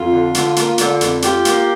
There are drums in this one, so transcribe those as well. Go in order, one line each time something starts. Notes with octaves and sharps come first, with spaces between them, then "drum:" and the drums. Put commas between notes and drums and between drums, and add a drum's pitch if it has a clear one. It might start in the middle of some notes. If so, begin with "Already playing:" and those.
Already playing: F2 F4
D3
D3, drum: hi-hat
A#3, drum: hi-hat
D3, drum: hi-hat
F2, drum: hi-hat
F4 G4, drum: hi-hat
A#3, drum: hi-hat